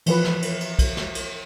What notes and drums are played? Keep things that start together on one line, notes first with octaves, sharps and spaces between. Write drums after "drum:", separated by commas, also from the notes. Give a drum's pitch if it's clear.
E3 F3 B4, drum: cymbal
drum: snare
drum: cymbal
drum: cymbal
drum: kick, cymbal
drum: snare
drum: cymbal